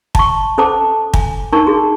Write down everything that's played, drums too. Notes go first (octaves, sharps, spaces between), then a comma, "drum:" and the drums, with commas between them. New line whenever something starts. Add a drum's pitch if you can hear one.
A5 C#6, drum: kick
C#4 A4 C5 A5 D6
G#5, drum: kick
D4 D#4 A#4 A5 C#6
F#4 G#4